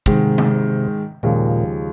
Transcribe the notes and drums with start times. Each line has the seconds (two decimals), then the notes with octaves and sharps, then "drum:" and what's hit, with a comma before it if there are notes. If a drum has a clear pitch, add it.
0.06 G#2 C3 D#3 G#3, drum: kick
0.38 drum: tom
1.23 D#2 A#2 C#3 F3 G#3